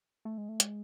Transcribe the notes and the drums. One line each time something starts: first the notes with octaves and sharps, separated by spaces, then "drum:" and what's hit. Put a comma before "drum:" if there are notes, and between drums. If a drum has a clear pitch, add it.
A3
G#3
A3
G#3, drum: hi-hat